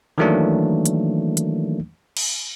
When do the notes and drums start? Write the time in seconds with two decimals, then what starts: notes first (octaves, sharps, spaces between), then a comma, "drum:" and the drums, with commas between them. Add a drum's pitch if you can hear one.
0.18 D#3 E3 F#3 A3 A#3 D4
0.86 drum: hi-hat
1.37 drum: hi-hat
2.17 drum: cymbal